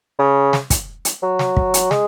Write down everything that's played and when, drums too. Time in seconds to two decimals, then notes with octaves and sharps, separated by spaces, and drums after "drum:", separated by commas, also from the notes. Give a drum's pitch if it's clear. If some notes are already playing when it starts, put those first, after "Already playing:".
0.19 C#3
0.53 drum: snare
0.70 drum: kick, hi-hat
1.05 drum: hi-hat
1.23 F#3
1.39 drum: snare
1.57 drum: kick
1.74 drum: hi-hat
1.91 G#3, drum: snare